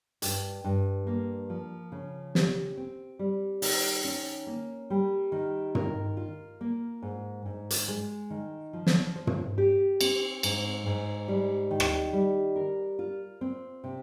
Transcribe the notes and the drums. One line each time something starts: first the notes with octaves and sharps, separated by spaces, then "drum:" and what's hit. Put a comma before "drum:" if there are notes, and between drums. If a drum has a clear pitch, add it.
G2, drum: hi-hat
G2
A#3
F3
C#3
G4, drum: snare
C4
G3
D#3, drum: open hi-hat
C#4
A#3
G3
D#3
A#4, drum: tom
F4
A#3
G#2
G#2
drum: hi-hat
G#3
D#3
F3
drum: snare
C5
drum: tom
G4
C4, drum: cymbal
G#2, drum: cymbal
G#2
G3
D#3
drum: rim click
G3
A#4
F4
C4
C3